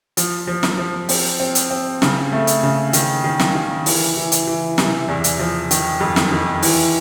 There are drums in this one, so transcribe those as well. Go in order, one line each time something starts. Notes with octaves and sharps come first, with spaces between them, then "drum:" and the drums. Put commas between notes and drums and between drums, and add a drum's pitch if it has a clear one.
F3, drum: hi-hat
F3
drum: snare
F3
C4, drum: open hi-hat
C4
drum: hi-hat
C4
C#3, drum: snare
A3
drum: hi-hat
C#3
D#3, drum: hi-hat
D#3
drum: snare
D#3
E3, drum: open hi-hat
E3
drum: hi-hat
E3
C3, drum: snare
E2
drum: hi-hat
F3
D#3, drum: hi-hat
F2
drum: snare
D#3
E3, drum: open hi-hat